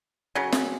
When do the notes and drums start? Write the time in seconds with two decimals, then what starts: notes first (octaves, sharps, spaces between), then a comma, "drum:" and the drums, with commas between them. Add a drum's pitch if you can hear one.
0.35 C#3 F#3
0.52 drum: snare